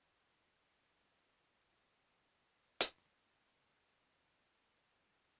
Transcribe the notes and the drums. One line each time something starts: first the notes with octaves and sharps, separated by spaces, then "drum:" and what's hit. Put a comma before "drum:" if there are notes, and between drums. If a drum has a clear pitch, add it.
E4
G4
A4
B4
A4
G4
E4
D4
B3
D4
G4
drum: hi-hat
G4
A4
B4
A4
A4
A4
E4
D4
E4
D4